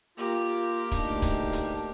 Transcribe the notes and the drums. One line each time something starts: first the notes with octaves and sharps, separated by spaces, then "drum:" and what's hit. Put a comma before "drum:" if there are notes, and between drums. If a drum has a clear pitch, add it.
A#3 F4 G4
D2 D4 D#4, drum: kick C#1, hi-hat
drum: kick C#1, hi-hat
drum: hi-hat